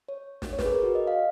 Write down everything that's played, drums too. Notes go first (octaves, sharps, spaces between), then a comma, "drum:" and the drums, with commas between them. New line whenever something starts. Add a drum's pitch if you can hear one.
C#5
drum: snare
C#5
B4, drum: snare
G#4
A#4
F#4
D#5
F5